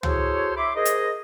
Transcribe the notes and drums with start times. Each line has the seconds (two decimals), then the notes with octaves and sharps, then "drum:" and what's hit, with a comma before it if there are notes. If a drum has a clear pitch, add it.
0.03 E4 F#4 G#4 A4 C5 C#5, drum: tom
0.56 E5 B5 C6 D6
0.75 G#4 A#4 C5 D#5
0.85 drum: hi-hat